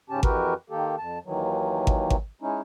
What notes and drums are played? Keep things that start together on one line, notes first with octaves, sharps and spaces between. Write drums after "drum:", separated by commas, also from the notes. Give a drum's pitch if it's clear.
G#2 C#3 C#4 G4 A5
F2 E3 F#4 G4 A#4 B4, drum: kick G#1
D#3 A#3 G4 A4
F2 A5
D#2 D#3 E3 F#3
drum: kick G#1
drum: kick G#1
G#3 C#4 D#4 E4